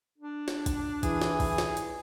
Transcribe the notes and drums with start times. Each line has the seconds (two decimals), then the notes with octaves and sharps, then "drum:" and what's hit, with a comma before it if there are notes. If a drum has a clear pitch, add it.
0.18 D4
0.48 drum: snare
0.66 drum: kick, hi-hat
1.03 E3 G#4, drum: kick, hi-hat
1.22 drum: snare
1.40 drum: kick, open hi-hat
1.58 drum: snare
1.77 drum: hi-hat